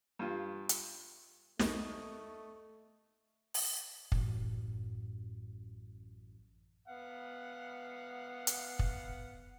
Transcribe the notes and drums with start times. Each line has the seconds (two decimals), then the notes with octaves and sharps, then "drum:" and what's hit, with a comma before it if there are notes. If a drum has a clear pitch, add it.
0.19 G2 F4
0.69 drum: hi-hat
1.59 B1 E2 A3 A#4 D#5 C#6 D#6, drum: snare
3.54 drum: open hi-hat
4.12 A1 F#2, drum: kick
6.88 B3 F5 F#5
8.47 drum: hi-hat
8.79 drum: kick